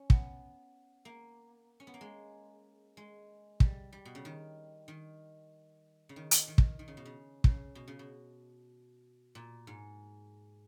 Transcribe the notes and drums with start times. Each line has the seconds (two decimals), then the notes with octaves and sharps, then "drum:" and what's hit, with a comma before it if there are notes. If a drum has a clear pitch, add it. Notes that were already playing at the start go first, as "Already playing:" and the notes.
Already playing: C#4
0.10 B3, drum: kick
1.05 A#3
1.80 C#4
1.87 B3
1.94 A#3
2.01 G#3
2.97 G#3
3.60 G3, drum: kick
3.93 G3
4.05 B2
4.15 C#3
4.25 D#3
4.88 D#3
6.09 C#3
6.16 D#3
6.31 drum: hi-hat
6.48 D#3
6.58 drum: kick
6.79 D#3
6.88 C#3
6.97 B2
7.05 C#3
7.44 C#3, drum: kick
7.75 B2
7.88 C#3
7.99 B2
9.35 A#2
9.67 G#2